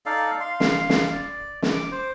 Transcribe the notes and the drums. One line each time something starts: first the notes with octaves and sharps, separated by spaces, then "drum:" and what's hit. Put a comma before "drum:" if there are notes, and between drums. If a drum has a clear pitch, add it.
D#4 A4 D5 F5
F5 C6
drum: snare
drum: snare
D5
drum: snare
D6
C5